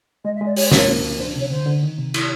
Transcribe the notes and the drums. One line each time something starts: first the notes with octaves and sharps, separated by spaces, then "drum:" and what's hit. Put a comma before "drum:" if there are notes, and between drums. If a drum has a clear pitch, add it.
G#3 D#5
E5
G#3 D5
G4 C#5, drum: open hi-hat
C5
A#4, drum: snare
C#5
A#3
F3
D4 C5
C3 C#5
D3 C5
D3
D#3
C3
E4, drum: cymbal